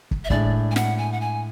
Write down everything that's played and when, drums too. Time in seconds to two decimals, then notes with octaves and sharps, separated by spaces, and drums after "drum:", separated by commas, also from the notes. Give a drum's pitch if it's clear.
0.11 drum: kick
0.24 E5
0.30 A2 G#3 D4 D5, drum: kick
0.71 G#5
0.76 F#5, drum: snare
0.98 G#5
1.12 F#5
1.21 G#5